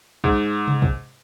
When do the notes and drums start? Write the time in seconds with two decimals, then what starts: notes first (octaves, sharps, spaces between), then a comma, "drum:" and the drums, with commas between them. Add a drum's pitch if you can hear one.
0.24 G#2, drum: kick
0.68 drum: tom C3
0.82 drum: kick